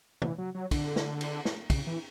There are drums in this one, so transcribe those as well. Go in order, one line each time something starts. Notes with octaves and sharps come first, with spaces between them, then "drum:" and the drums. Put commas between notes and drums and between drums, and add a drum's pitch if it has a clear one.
E3, drum: tom
F#3
F#3
D3, drum: kick, cymbal
drum: snare
drum: cymbal
drum: snare
C#3, drum: kick, cymbal
E3